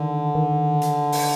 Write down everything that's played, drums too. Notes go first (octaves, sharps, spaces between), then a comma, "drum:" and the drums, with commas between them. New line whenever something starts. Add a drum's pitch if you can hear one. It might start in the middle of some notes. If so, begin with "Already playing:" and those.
Already playing: D3 D#3
D#3
drum: hi-hat
drum: open hi-hat